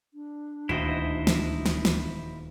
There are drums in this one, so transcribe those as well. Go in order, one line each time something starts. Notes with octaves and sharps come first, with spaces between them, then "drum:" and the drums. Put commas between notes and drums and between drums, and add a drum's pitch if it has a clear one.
D4
D#1 D2 E4 F#4 C5 D#5
drum: snare
drum: snare
drum: snare